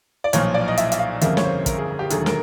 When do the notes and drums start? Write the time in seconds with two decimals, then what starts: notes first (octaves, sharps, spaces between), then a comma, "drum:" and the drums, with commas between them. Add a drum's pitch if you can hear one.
0.24 D5
0.33 B1 A#2 F3 C#5, drum: hi-hat
0.54 D5
0.68 D#5
0.77 E5, drum: hi-hat
0.92 E5, drum: hi-hat
0.99 F5
1.21 G1 F2 C#3 F3 A#3 E5, drum: hi-hat
1.37 C#5, drum: snare
1.44 C5
1.66 A#4, drum: kick, hi-hat
1.78 G#4
1.99 G4
2.10 E1 D#2 D3 F#3 A3 G#4, drum: hi-hat
2.26 A#4, drum: snare